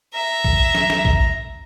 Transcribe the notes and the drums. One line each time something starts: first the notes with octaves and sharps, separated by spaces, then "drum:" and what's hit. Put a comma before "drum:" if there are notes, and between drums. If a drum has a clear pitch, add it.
E5 A#5
drum: kick
drum: snare
drum: snare
drum: kick